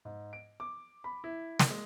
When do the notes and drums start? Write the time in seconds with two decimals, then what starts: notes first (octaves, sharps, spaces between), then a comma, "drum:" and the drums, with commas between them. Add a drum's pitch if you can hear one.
0.05 G#2
0.33 D7
0.60 D6
1.04 B5
1.24 E4
1.59 drum: snare
1.70 G#3